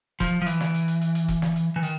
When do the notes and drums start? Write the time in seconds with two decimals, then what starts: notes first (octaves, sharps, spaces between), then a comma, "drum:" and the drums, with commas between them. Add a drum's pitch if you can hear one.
0.20 F3, drum: kick, hi-hat
0.42 F3
0.46 E3, drum: hi-hat
0.61 drum: snare
0.74 drum: hi-hat
0.88 drum: hi-hat
1.01 drum: hi-hat
1.15 drum: hi-hat
1.28 drum: kick, hi-hat
1.42 drum: snare
1.56 drum: hi-hat
1.76 E3
1.83 D#3, drum: hi-hat